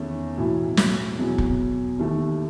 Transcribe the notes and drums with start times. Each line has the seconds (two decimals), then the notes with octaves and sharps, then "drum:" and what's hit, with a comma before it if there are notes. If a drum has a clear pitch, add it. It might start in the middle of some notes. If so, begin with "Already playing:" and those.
Already playing: E2 D#3 A3 C#4
0.37 B1 A2 E3
0.77 drum: snare
1.18 E2 B2 F#3
1.38 drum: kick
1.99 D#2 D#3 A3